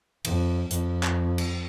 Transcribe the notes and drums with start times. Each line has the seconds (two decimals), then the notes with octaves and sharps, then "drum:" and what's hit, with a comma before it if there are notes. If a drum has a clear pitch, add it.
0.25 F2, drum: cymbal
0.71 F2, drum: hi-hat
1.03 drum: clap
1.38 drum: cymbal